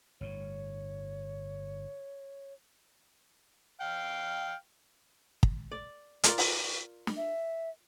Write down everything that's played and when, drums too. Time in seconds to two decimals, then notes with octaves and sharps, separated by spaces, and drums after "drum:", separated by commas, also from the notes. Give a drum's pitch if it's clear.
0.21 G1 A2 C#5
3.81 F5 G5
5.43 drum: kick
5.71 D5
6.24 F4 A#4 D5, drum: hi-hat
6.38 drum: open hi-hat
7.07 drum: snare
7.17 E5